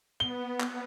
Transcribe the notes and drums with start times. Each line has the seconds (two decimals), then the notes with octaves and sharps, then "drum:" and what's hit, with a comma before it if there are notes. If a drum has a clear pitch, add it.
0.20 B3 G7
0.60 drum: clap